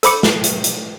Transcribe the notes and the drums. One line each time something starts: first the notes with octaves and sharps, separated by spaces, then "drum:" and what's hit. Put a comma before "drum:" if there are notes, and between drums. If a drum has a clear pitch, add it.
A4 C5 B5 D6 C#7, drum: hi-hat
drum: snare
drum: hi-hat
drum: hi-hat